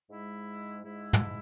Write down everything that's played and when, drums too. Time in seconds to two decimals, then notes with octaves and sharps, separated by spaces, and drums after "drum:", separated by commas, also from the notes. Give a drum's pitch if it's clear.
0.10 G#2 G#3 E4
0.84 G#2 G#3 E4
1.13 drum: tom